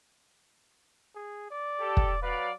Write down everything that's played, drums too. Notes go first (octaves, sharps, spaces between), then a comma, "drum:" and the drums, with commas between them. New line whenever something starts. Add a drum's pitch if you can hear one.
G#4
D5
G4 A4
drum: kick
F#3 B4 D5 F5